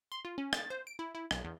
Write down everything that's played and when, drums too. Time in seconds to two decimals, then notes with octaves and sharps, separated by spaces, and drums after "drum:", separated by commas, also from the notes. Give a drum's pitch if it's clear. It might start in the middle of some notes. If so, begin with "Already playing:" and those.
0.12 C6
0.25 F4
0.38 C#4
0.53 A6, drum: rim click
0.70 C5
0.87 D7
0.99 E4
1.15 E4
1.31 B1, drum: rim click
1.44 E2